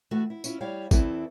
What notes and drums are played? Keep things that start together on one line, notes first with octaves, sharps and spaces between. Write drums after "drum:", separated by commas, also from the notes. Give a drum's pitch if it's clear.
E3 A3 F#4
E4
C#4 E4 F4, drum: tambourine
G3 E4 C#5 F5
E2 E3 C4 E4 A4, drum: kick, tambourine